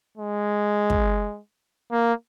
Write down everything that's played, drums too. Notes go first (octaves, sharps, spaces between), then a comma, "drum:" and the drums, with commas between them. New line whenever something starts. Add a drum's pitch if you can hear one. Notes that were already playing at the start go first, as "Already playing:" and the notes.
G#3
drum: kick
A#3